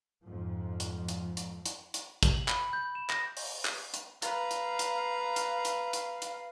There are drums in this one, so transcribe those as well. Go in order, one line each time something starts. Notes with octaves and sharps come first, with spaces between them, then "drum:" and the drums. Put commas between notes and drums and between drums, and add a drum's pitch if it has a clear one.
F2 G#2 F3
drum: hi-hat
drum: hi-hat
drum: hi-hat
drum: hi-hat
drum: hi-hat
drum: kick, hi-hat
F#7
B5, drum: clap
G6
E7
A#6, drum: clap
drum: open hi-hat
drum: clap
drum: hi-hat
B4 F5 A#5, drum: hi-hat
drum: hi-hat
drum: hi-hat
drum: hi-hat
drum: hi-hat
drum: hi-hat
drum: hi-hat